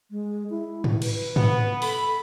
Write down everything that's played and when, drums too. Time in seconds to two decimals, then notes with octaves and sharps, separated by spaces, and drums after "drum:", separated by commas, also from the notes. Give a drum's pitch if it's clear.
0.11 G#3
0.50 E4
0.84 drum: tom G#2
1.02 B4, drum: cymbal
1.36 B3, drum: tom G#2
1.82 A4 B5, drum: open hi-hat